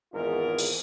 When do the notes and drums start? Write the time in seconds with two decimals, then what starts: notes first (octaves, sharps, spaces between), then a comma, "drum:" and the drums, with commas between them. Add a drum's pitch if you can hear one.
0.13 G#1 E2 G#2 F4 A#4
0.58 drum: open hi-hat